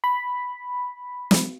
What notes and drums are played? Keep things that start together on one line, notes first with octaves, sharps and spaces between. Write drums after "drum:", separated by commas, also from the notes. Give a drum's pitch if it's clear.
B5
drum: snare